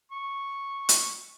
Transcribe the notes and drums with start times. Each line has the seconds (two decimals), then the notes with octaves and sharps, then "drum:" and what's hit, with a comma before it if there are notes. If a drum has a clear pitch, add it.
0.12 C#6
0.89 drum: hi-hat